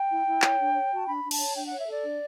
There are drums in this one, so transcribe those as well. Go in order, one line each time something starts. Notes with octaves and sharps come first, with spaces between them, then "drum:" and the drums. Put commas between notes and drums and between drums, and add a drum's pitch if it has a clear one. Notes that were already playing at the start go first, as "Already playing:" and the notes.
Already playing: G5
E4
E4
C#5, drum: clap
D4
C#5
F#4 A5
D4 B5
D4
A5, drum: cymbal
C#5
D4 G5
C#5 F#5
E5
A4 D5
D4